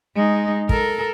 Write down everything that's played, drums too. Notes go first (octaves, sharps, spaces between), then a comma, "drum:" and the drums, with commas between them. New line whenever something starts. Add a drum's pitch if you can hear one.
G#3 D#4
A4 A#4, drum: kick